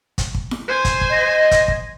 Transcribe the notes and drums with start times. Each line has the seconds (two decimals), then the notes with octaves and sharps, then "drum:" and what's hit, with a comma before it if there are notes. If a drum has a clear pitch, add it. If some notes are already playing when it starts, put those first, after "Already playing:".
0.18 drum: kick, hi-hat
0.35 drum: kick
0.51 drum: snare E4
0.68 C5 G#5
0.85 drum: kick, hi-hat
1.01 drum: kick
1.11 D#5
1.51 drum: kick, hi-hat
1.68 drum: kick